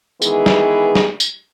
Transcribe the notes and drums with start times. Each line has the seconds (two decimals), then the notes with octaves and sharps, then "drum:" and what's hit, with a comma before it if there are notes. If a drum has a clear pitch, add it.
0.22 D#3 E3 G#3 B3 G#4, drum: tambourine
0.46 drum: snare
0.95 drum: snare
1.20 drum: tambourine